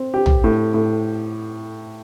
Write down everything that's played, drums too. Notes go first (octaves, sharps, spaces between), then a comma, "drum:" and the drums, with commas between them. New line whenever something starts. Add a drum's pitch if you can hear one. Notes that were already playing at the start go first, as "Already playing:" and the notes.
Already playing: C4
G4
drum: tom
A2
A2